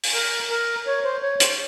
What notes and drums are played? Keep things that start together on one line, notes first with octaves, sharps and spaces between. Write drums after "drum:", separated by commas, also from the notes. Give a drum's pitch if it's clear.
drum: open hi-hat
A#4
A#4
C#5
C5
C#5
C5, drum: hi-hat